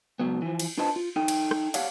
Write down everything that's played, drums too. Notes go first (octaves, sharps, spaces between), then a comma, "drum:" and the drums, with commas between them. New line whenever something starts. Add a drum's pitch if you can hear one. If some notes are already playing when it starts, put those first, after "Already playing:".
C#2 G2 F#3 B3
E3 F3
drum: cymbal
D4 F4 B4 C5 D#5 A5
F4
D#4 A4 G5
drum: cymbal
drum: rim click
G4 C#5 D5 F5 F#5, drum: cymbal